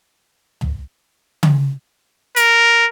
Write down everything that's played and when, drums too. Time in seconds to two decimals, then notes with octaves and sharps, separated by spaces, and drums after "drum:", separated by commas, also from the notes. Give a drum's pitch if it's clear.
0.61 drum: tom
1.43 drum: tom C#3
2.36 A#4, drum: hi-hat